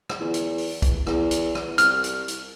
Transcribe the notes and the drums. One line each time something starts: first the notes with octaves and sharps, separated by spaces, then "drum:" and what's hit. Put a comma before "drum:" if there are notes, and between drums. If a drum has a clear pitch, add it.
drum: rim click
E2
drum: hi-hat
drum: open hi-hat
drum: kick C2, hi-hat
E2, drum: rim click
drum: hi-hat
drum: rim click
C2 F6, drum: hi-hat
drum: hi-hat
drum: hi-hat